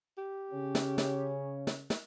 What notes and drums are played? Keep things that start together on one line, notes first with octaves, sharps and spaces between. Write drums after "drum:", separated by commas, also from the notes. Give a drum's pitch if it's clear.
G4
C#3 C#4
drum: snare
drum: snare
drum: snare
drum: snare